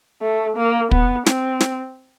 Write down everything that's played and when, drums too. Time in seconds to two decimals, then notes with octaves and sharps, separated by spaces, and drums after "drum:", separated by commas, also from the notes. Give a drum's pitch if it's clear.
0.22 A3
0.56 A#3
0.91 B3, drum: kick
1.26 C4, drum: snare
1.60 drum: snare